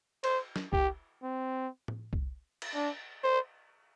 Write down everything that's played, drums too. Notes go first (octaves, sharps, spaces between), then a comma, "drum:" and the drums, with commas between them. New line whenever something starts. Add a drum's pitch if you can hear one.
C5, drum: cymbal
drum: snare
G4, drum: kick C2
C4
drum: tom A2
drum: kick C2
drum: cymbal
D4
C5